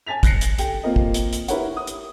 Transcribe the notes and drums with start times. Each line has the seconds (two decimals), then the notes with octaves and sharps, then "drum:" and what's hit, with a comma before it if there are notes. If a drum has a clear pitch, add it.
0.07 G#5 A5 A6 B6 F7
0.23 F#6 A#6 C7 C#7, drum: kick, hi-hat
0.41 drum: hi-hat
0.58 G4 A4 G5, drum: hi-hat
0.83 A#3 C4 F4 A#4 D#5
0.96 drum: kick
1.14 drum: hi-hat
1.33 drum: hi-hat
1.48 E4 G4 A#4 B4 C#5 F#5, drum: hi-hat
1.77 D#6
1.87 drum: hi-hat